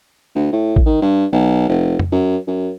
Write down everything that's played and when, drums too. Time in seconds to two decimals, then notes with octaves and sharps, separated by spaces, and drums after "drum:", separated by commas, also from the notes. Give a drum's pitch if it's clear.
0.35 D2
0.53 A2
0.76 drum: kick
0.86 D#3
1.02 G2
1.32 B1
1.69 F1
1.99 drum: tom F2
2.12 F#2
2.47 F#2